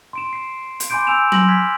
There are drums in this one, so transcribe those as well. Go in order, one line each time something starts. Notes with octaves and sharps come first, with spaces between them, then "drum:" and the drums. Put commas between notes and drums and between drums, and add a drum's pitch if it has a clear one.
C6 D7 E7
C7
drum: hi-hat
G#5 B5 C6 D6 G6 D7
G#5 E6 G6 D7 E7 F7
G#5 C6 A#6 F#7, drum: tom F#3
F6 G#6 B6